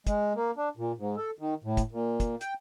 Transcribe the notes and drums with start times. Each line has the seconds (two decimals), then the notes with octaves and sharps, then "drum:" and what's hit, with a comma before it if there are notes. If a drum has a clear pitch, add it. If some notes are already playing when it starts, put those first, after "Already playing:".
0.07 G#3, drum: kick, hi-hat
0.35 A#3
0.56 D4
0.77 A#2
0.98 G#2
1.17 A4
1.39 D#3
1.64 A2
1.77 drum: kick, hi-hat
1.91 A#2
2.20 drum: kick, hi-hat
2.41 G5, drum: hi-hat